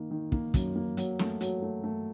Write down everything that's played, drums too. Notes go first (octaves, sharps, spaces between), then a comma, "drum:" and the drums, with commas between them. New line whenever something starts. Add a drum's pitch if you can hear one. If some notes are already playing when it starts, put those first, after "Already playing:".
Already playing: D#3 A#3
D#3
A#3, drum: kick
F#2, drum: kick, hi-hat
A#3
F#3, drum: hi-hat
A3, drum: snare
F#3, drum: hi-hat
A3
A3